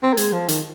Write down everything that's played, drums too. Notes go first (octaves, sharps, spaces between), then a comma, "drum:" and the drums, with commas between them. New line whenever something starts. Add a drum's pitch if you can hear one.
C4
A#3
G#3, drum: hi-hat
F3
D#3, drum: hi-hat